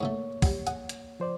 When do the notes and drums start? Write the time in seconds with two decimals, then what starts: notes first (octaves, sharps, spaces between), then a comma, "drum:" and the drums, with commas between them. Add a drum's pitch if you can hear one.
0.01 G#2 D3 A3 A#3 C#5
0.42 F#3 G3, drum: kick, open hi-hat
0.67 G#4 F#5, drum: hi-hat
0.89 drum: hi-hat
1.20 F3 C5 D5